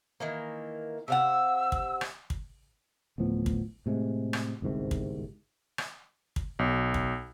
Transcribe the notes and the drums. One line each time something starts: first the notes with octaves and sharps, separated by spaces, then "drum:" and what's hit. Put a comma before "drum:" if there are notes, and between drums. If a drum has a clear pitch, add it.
D#3 E3 A#3
C3 F5 F#5 E6
drum: kick
drum: rim click
drum: kick
D1 A2 F3 B3
drum: kick
A2 C3 G#3
drum: rim click
G1 C2 G#2 C3
drum: kick
drum: rim click
drum: kick
B1
drum: kick